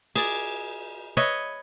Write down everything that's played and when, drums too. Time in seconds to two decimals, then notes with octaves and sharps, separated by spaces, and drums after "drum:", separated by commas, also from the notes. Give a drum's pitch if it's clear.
0.15 G#4 D5, drum: cymbal
1.17 B4 C#5 D#5 E5